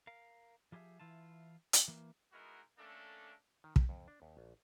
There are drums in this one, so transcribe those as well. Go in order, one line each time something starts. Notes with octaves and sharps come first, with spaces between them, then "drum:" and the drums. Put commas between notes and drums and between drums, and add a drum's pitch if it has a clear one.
A#4 F5
F3 G4 G#4 B4 E5
E3 E4 F4 A5
drum: hi-hat
E3 A#3
G#3 B3 D#4 E4 F#4 A#4
A3 A#3 C#4 D4 A4
D#3
G4, drum: kick
F2
D4
D#2
A#1